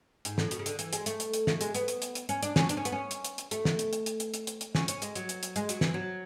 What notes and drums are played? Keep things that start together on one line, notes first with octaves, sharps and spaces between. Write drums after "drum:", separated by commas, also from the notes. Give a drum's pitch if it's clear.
G#2, drum: hi-hat
A2, drum: snare
B2, drum: hi-hat
C#3
D3, drum: hi-hat
E3, drum: hi-hat
G#3, drum: hi-hat
A3, drum: hi-hat
drum: hi-hat
drum: hi-hat
A3, drum: snare
G#3, drum: hi-hat
B3, drum: hi-hat
drum: hi-hat
drum: hi-hat
drum: hi-hat
C#4, drum: hi-hat
D4, drum: hi-hat
C#4, drum: snare
D4, drum: hi-hat
C#4
B3, drum: hi-hat
C#4
drum: hi-hat
drum: hi-hat
drum: hi-hat
A3, drum: hi-hat
drum: snare
drum: hi-hat
drum: hi-hat
drum: hi-hat
drum: hi-hat
drum: hi-hat
drum: hi-hat
drum: hi-hat
C#4, drum: snare
C#4, drum: hi-hat
G#3, drum: hi-hat
F#3, drum: hi-hat
drum: hi-hat
drum: hi-hat
G#3, drum: hi-hat
F#3, drum: hi-hat
E3, drum: snare
F#3